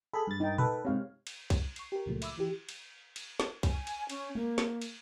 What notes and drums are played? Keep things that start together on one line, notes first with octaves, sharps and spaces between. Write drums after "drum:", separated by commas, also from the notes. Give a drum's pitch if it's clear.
G#4 A4 B5
G2 A6
D#4 G5
A4 B4, drum: tom A#2
G#2 C3 C#5 F5
drum: cymbal
drum: kick B1, cymbal
C#6 C7, drum: cymbal
G4 A#4
C#2 A#2 C#3 F3 F#3 A3
E5 B5 D6 E6, drum: cymbal
E3 E4 G4
drum: cymbal
drum: cymbal
drum: snare
G#5, drum: kick B1, cymbal
drum: cymbal
C#4, drum: cymbal
A#3, drum: tom
drum: snare
drum: cymbal